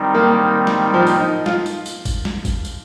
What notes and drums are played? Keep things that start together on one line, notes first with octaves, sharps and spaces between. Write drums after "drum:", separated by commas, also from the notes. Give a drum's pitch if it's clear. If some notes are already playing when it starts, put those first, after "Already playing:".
Already playing: D#3 G3 C4 D#4
A#3
drum: snare
F3
drum: tambourine
D#4
F4, drum: snare
drum: tambourine
drum: tambourine
drum: kick, tambourine
drum: snare
drum: kick, tambourine
drum: tambourine